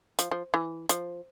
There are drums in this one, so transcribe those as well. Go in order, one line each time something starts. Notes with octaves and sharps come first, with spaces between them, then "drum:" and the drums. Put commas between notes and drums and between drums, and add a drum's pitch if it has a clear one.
F3, drum: hi-hat
F3
E3
F3, drum: hi-hat